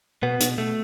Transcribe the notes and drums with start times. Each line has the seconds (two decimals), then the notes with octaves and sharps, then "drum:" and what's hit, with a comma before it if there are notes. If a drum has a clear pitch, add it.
0.23 B2 B3
0.40 B2, drum: hi-hat
0.58 B2 A3